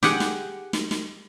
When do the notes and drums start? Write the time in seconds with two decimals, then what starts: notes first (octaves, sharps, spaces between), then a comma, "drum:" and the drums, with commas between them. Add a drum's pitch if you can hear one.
0.03 G4 G#4 F#5, drum: snare
0.20 drum: snare
0.73 drum: snare
0.91 drum: snare